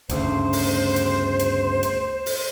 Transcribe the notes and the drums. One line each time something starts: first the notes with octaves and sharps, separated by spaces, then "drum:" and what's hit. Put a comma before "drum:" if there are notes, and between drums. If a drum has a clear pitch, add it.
G1 D2 C#3 C5, drum: hi-hat
drum: open hi-hat
drum: hi-hat
drum: hi-hat
drum: hi-hat
drum: open hi-hat